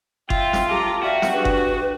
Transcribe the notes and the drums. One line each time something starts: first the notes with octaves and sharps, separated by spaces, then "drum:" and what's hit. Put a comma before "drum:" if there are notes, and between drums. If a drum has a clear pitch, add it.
F4 E5 G5, drum: kick F#1
drum: snare
G4 A4 A#5 D6
F#4 G4 D5 E5 F5
drum: snare
D4 G#4 B4
drum: kick F#1